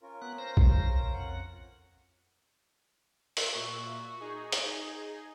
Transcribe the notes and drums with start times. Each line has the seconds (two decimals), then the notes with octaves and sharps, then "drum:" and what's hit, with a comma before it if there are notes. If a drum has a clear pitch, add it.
0.01 C#4 F4 A#4
0.22 B3 F#6
0.38 C5 A#6
0.57 drum: kick A#1
1.14 F2 F#5
3.37 drum: open hi-hat
3.54 A#2 F#4 E5
4.20 D#4 G#4
4.52 drum: hi-hat